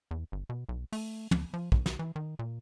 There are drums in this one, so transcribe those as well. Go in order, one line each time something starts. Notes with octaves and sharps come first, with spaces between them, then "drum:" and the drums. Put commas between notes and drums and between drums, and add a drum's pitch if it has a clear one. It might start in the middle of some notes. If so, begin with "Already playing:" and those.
E2
G1
B2
B1
A3, drum: open hi-hat
D2, drum: tom
F3
B1, drum: kick
drum: snare
E3
D#3
A#2